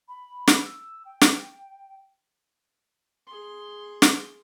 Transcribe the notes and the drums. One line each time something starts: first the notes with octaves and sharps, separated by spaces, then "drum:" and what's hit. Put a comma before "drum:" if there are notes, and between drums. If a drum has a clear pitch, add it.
B5
drum: snare
E6
G5
drum: snare
G#4 C6
drum: snare